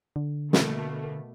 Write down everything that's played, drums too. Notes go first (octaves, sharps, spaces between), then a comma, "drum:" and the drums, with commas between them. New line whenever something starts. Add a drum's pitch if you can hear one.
D3
B2 A3 A#3, drum: snare